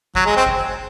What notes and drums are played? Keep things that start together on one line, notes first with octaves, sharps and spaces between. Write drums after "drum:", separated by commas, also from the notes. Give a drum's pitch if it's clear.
F#3, drum: kick G1
G#3
C4
drum: kick G1